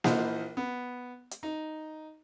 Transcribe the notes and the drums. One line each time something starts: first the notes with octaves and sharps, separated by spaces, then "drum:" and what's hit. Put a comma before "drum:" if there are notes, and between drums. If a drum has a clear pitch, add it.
A#1 E3 F4 C5 D#5 F#5, drum: snare A#3
B3
drum: hi-hat
D#4